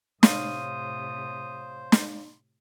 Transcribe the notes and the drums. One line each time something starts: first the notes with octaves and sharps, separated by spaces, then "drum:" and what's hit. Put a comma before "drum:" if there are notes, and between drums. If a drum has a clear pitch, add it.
A2 C3 C5 C#5 F5 D#6, drum: snare
drum: snare